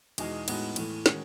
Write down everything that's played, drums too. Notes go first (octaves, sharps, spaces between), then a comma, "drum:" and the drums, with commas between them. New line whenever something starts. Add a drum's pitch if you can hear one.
E2 B2 G#3 D#4 G#4, drum: cymbal
A2 G#3 B3 D#4 F#4, drum: cymbal
A2 E3 A3, drum: cymbal
D#3 G#3 C#4 F#4, drum: snare